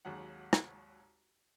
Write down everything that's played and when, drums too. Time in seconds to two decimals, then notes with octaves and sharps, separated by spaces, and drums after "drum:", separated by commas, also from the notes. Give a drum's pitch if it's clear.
0.05 G#1 D#2 F#3 G#3 F#5
0.53 drum: rim click